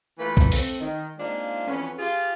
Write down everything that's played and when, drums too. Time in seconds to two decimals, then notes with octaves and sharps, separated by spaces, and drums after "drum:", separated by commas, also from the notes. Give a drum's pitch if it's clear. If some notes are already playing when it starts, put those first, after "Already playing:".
0.19 E3 A3 A#3 F4 B4
0.37 drum: kick B1
0.52 A3 C4, drum: open hi-hat
0.80 D#3
1.18 G#3 A#3 C4 D4 D#4 F4
1.67 F2 E3 B3 C#4
1.98 F4 G4 G#4